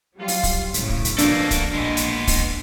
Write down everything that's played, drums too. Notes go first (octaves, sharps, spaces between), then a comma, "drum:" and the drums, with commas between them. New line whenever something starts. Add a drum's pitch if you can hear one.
F#3 G3 F4
drum: open hi-hat
drum: kick, open hi-hat
A2 C#3, drum: hi-hat
drum: kick
drum: hi-hat
B2 F3 A#3 D4 A4, drum: hi-hat
drum: kick, hi-hat
A#1 G#3 B3
drum: hi-hat
drum: kick, open hi-hat